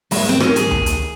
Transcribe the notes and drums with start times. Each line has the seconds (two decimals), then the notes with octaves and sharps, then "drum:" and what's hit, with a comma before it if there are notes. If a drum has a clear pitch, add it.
0.11 D#2 G#3, drum: open hi-hat
0.29 C4
0.40 D#3 C#4, drum: rim click
0.56 G#4, drum: hi-hat
0.71 D#2, drum: tom D2
0.86 drum: hi-hat